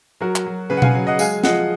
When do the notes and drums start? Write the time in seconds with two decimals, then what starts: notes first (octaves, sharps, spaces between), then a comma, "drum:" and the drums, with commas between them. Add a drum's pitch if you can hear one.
0.21 F#3 F#4 A#4
0.36 drum: clap
0.46 F#3
0.70 C#3 G#4 B4
0.77 F#5
0.82 F5 G#5, drum: tom B2
0.94 F#3
1.07 D#5 F#5
1.19 G#3 F5 G#5, drum: tambourine
1.44 F3 D#5 F#5, drum: snare